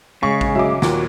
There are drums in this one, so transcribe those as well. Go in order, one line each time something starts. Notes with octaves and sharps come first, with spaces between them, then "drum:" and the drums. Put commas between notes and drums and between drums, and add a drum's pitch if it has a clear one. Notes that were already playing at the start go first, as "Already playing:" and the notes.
C#3 G#3 C#6
drum: kick A1
F#3 D#5 E5 D6
D#2 A#2 F#4, drum: snare